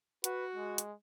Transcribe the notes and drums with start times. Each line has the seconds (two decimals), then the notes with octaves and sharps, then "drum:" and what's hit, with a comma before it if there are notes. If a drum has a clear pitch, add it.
0.24 F#4 B4, drum: hi-hat
0.56 G#3
0.78 drum: hi-hat